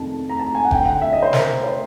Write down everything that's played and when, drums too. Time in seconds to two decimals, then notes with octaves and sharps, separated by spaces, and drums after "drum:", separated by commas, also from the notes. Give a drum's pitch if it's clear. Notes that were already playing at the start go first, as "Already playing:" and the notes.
Already playing: F2 C3 D#3 A5
0.30 A#5
0.39 A5
0.55 G#5
0.65 F#5
0.71 D2 D3 G5, drum: kick F1
0.86 F#5
1.01 E5
1.13 D#5
1.22 C5
1.33 A#4, drum: snare
1.63 C5